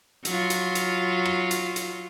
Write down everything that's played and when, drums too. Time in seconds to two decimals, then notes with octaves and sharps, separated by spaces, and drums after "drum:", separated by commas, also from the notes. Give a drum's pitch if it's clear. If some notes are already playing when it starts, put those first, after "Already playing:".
0.25 F#3 F4, drum: hi-hat
0.50 drum: hi-hat
0.75 drum: hi-hat
1.26 drum: rim click
1.51 drum: hi-hat
1.76 drum: hi-hat